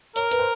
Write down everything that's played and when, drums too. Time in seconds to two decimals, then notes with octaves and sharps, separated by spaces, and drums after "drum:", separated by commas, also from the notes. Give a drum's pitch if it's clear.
0.16 A#4 C#5, drum: hi-hat
0.31 B4, drum: hi-hat
0.39 C5